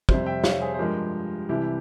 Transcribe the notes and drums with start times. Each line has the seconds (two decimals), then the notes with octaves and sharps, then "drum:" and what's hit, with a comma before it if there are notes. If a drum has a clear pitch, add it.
0.09 F2 C3 G3 C5 E5, drum: kick
0.26 E5 G5
0.44 C#5 F5, drum: snare
0.61 G#4 C5
0.74 C5
0.79 G2 F3 G#3 G4 A#4
1.49 C2 C3 E3 E4 G4